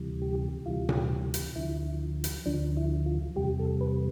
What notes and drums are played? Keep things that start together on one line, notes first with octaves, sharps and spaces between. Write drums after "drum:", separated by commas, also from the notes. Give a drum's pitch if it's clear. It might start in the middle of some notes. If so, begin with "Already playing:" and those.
Already playing: D2 C3 E3 G3
G4
D2 C3 E3 G3 F4
drum: tom A#2
drum: hi-hat
D2 D3 F3 E4
drum: hi-hat
D2 D3 F3 D4
E4
F4
E2 C3 G3 G4
A4
B4